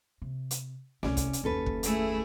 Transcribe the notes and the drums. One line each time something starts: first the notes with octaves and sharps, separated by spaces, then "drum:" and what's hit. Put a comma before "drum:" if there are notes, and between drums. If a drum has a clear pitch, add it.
C3
drum: hi-hat
C2 C4 C#4 D5, drum: snare A3
drum: kick, hi-hat
drum: hi-hat
F#1 D#2 C#4 A4 B4
drum: kick
A3 E4 G#4, drum: hi-hat